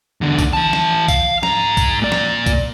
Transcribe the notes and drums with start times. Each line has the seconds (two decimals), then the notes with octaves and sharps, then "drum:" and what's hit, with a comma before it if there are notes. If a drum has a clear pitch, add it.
0.21 E2 D3
0.38 drum: kick, tambourine
0.53 E3 A5
0.73 drum: snare
1.08 F5, drum: kick, tambourine
1.43 G#2 A#5, drum: snare
1.77 drum: kick, tambourine
2.02 A#2 D5
2.12 drum: snare
2.46 drum: kick, tambourine